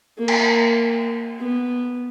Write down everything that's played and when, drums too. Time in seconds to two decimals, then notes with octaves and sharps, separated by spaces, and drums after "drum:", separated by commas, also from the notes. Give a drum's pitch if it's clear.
0.18 A#3
0.28 drum: cymbal
1.40 B3